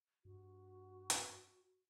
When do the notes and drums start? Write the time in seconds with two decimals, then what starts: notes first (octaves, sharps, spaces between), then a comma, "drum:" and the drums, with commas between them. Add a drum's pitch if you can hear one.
0.25 G2 F#4
1.10 drum: hi-hat